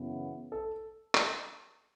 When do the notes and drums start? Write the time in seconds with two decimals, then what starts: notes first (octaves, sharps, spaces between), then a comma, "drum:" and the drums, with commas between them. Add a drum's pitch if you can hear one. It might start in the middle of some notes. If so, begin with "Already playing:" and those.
Already playing: F#2 C#3 E3 B3
0.52 A4
1.15 drum: clap